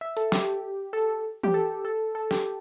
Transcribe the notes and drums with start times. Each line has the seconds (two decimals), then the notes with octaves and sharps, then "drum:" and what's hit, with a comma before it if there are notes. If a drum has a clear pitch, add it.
0.01 E5
0.17 A4, drum: hi-hat
0.32 G4, drum: snare
0.93 A4
1.43 G4, drum: tom E3
1.54 A4
1.85 A4
2.15 A4
2.31 G4, drum: snare